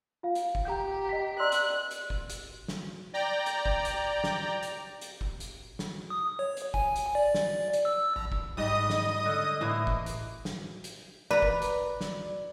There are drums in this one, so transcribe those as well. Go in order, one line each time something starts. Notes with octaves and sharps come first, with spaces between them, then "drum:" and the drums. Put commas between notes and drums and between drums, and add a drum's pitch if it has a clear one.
F4 F5
drum: hi-hat
drum: kick
G4 A#5 G6
D#5 A#5 B6
D5 C6 E6 F#6
drum: hi-hat
drum: hi-hat
drum: kick
drum: hi-hat
drum: snare
D5 G5 A#5
drum: hi-hat
drum: kick
drum: hi-hat
drum: snare
drum: hi-hat
drum: hi-hat
drum: kick
drum: hi-hat
drum: snare
D#6
C#5
drum: hi-hat
G#5, drum: kick
drum: hi-hat
D5
drum: snare
drum: hi-hat
E6
A#1
drum: kick
G#2 G3 D#5 D#6
drum: snare
D3
A2 E3 A#3
drum: kick
drum: hi-hat
drum: snare
drum: hi-hat
B4 D5 A#5
drum: kick
drum: hi-hat
drum: snare